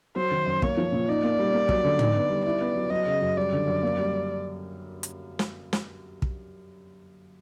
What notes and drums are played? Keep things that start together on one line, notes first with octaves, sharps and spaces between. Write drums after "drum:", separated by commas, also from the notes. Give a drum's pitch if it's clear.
F#3 C5
D#3
F#2
A#3 C#5, drum: kick
F3
A#2
D#4 D5
A#3
G3
A#3
F#3, drum: kick
D3
D#4, drum: tom
B3
G3
E4 D5
B3
F#3
F#3 D#5
C#3
F#2
G3 D5
D3
F#2
A#3
G3
drum: hi-hat
drum: snare
drum: snare
drum: kick